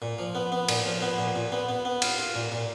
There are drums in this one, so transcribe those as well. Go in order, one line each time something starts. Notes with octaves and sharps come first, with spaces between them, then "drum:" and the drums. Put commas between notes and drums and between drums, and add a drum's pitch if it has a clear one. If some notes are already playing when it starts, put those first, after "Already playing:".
A#2
F3
B3
B3
A#2, drum: cymbal
F3
B3
A#2
A#2
B3
B3
B3
F4, drum: cymbal
F4
A#2
A#2